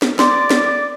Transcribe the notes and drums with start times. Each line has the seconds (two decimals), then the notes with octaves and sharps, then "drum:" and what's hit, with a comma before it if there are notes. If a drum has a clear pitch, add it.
0.02 drum: snare
0.19 D5 C6 D6, drum: snare
0.50 drum: snare